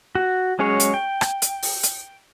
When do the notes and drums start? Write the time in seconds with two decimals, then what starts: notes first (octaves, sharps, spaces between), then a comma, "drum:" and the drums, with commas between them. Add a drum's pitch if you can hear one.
0.15 F#4
0.59 F#3 G#3 C#4 G#4 C#5
0.80 drum: hi-hat
0.94 G5
1.21 drum: rim click
1.42 drum: hi-hat
1.62 drum: open hi-hat
1.83 drum: hi-hat